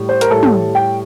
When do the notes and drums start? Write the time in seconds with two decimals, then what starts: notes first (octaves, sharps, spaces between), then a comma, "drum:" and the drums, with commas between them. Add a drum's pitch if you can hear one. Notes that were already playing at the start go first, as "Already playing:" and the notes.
Already playing: A2 G3
0.09 C5
0.21 A#4, drum: hi-hat
0.31 A2 G3 A4
0.43 drum: tom
0.53 A4
0.75 G5